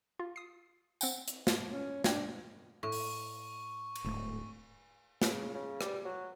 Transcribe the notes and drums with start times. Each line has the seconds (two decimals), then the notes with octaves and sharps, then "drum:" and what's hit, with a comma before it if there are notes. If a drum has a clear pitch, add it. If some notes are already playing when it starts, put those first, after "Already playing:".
0.19 F4
0.36 D#6 C7
1.01 C4 F#5 G5, drum: tambourine
1.28 drum: hi-hat
1.47 drum: snare
1.72 C#4
2.04 D4 G5 G#6, drum: snare
2.83 A2 C#6
2.92 drum: open hi-hat
3.95 drum: cymbal
4.04 D1 D2 G#2 A3
5.22 C#3, drum: snare
5.54 C#3
5.81 G3, drum: rim click
6.05 F#3